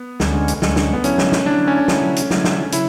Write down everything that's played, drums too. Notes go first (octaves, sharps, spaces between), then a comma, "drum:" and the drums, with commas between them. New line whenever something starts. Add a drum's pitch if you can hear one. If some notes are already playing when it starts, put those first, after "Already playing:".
Already playing: B3
D2 D3 G#3 C#4, drum: snare
drum: hi-hat
D2 D3 G#3 C#4, drum: snare
drum: snare
B3
D3 F#3 A3 C#4 E4, drum: hi-hat
drum: snare
drum: snare
D3 F#3 A3 D4 E4
C#4
D3 F#3 A3 E4, drum: snare
drum: hi-hat
D3 F#3 A3 E4, drum: snare
drum: snare
C#3 F#3 E4, drum: hi-hat